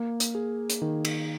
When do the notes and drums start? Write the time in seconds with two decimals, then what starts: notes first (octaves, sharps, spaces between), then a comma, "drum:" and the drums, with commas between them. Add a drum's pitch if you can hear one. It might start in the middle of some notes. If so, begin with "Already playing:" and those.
Already playing: A#3
0.20 drum: hi-hat
0.35 G#4
0.70 drum: hi-hat
0.82 D#3
1.05 drum: cymbal